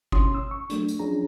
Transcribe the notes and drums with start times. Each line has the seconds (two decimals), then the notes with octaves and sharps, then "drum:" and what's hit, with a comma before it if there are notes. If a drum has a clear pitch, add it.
0.12 B2 C#4 C6 D#6, drum: kick
0.35 E6
0.51 C#6
0.70 F#3 A3 D4, drum: hi-hat
0.88 drum: tambourine
0.99 F3 F#3 C#4 D4 G#4 A#5